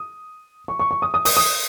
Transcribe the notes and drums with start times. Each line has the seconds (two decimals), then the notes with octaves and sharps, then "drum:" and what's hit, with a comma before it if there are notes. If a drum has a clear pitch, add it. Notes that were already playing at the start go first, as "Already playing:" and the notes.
Already playing: D#6
0.68 C#6
0.79 C#6
0.91 C#6
1.02 D#6
1.14 D#6
1.25 D#6, drum: open hi-hat
1.37 D#6